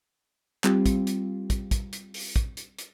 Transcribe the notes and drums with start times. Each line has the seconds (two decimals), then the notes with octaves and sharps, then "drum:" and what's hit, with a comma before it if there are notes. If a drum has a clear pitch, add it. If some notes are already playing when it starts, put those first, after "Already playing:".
0.64 G3 C4 F4 G4, drum: clap
0.86 drum: kick, hi-hat
1.07 drum: hi-hat
1.50 drum: kick, hi-hat
1.71 drum: kick, hi-hat
1.93 drum: hi-hat
2.14 drum: open hi-hat
2.36 drum: kick, hi-hat
2.57 drum: hi-hat
2.79 drum: hi-hat